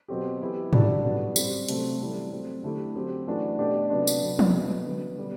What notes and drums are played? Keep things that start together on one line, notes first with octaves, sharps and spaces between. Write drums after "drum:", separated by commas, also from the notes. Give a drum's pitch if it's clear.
B2 F#3 C4 G4
E3 B3 E4 G4
G3 D4 F#4 A4, drum: tom G#2
A2 G3 B3 F#4
G3 C4 G4, drum: tambourine
C3 F#3 A3 C4, drum: hi-hat
E3 G3 C4 E4 A4
F#3 A3 C4
D3 A3 E4 G4
F#3 C4 G4
E3 A3 D4 F#4
B2 A3 D4 G4
C3 F#3 B3 D4
drum: tambourine
C3 F#3 B3
drum: tom F3
B2 F#3 B3
D3 F#3 B3
B2 G3 B3